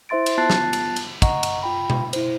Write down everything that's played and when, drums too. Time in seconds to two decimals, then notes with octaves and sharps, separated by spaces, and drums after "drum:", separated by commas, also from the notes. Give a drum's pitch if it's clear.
0.09 E4 C5 E5 C6 A6 D7
0.26 drum: cymbal
0.38 B3 F4 A5 F#6 A6 C7
0.50 drum: snare
0.73 drum: cymbal
0.96 drum: cymbal
1.22 D#5 F#5 A#5 C#6, drum: kick, cymbal
1.43 drum: cymbal
1.62 F4 G5 B5
1.90 drum: tom B2
2.13 E4 C5, drum: cymbal